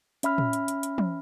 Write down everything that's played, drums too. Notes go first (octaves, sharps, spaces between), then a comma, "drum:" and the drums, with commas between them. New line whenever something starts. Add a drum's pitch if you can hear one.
C#4 E5 B5 F6, drum: hi-hat
drum: tom
drum: hi-hat
drum: hi-hat
drum: hi-hat
drum: tom